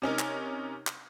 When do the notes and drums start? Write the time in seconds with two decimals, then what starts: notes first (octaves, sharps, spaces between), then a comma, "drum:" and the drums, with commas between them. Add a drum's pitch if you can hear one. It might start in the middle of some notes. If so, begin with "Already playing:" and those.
0.02 C3 C#4 D#4 A#4
0.19 drum: clap
0.87 drum: clap